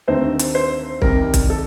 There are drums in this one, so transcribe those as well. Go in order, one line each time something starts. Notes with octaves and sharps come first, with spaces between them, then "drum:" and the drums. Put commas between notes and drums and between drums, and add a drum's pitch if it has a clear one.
D#2 D3 A3 C4 D#4 C5
drum: hi-hat
C5
C2 C3 D#3 G3 A#4, drum: kick
drum: kick, hi-hat
A4